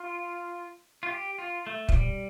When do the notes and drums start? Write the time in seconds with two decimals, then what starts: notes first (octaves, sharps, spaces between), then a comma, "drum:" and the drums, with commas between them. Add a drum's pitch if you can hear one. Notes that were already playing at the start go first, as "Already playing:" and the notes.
Already playing: F4
1.03 F4
1.11 G4
1.38 F4
1.67 A3
1.89 F3, drum: kick
1.93 G3